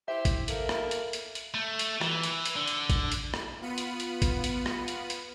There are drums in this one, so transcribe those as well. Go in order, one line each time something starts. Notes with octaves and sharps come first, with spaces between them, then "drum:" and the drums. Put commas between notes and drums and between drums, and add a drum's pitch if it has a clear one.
E4 G4 C5 E5
drum: kick, hi-hat
A#3 A4, drum: hi-hat
drum: rim click
drum: hi-hat
drum: hi-hat
drum: hi-hat
A3
drum: hi-hat
E3, drum: rim click
drum: hi-hat
drum: hi-hat
D3
drum: hi-hat
drum: kick, hi-hat
drum: hi-hat
drum: rim click
B3 F4 B5 C#7 D#7
drum: hi-hat
drum: hi-hat
drum: kick, hi-hat
drum: hi-hat
drum: rim click
drum: hi-hat
drum: hi-hat